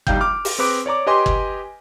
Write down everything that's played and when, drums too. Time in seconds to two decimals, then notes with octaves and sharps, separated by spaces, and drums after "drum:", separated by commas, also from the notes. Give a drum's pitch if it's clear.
0.07 A#1 G3 D#4 F5 G5 G6, drum: kick
0.21 D6 F6
0.45 drum: open hi-hat
0.59 C4 G#4 B4 D6 D7
0.86 C#5 D5 A#5 D6
1.07 G4 B4 D#5 G#5 C6 D6
1.26 drum: kick